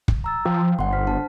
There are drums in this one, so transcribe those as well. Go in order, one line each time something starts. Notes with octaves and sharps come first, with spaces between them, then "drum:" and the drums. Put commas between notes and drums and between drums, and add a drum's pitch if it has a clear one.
drum: kick
A#5 E6 A6
F3 F5 G5
G1 F#5 C6
C5 F6 B6
D4 A5